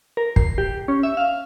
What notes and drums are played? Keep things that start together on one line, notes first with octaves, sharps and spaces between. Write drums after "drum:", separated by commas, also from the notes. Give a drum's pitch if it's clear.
A#4
C7, drum: kick
G4
C#4
E5
F5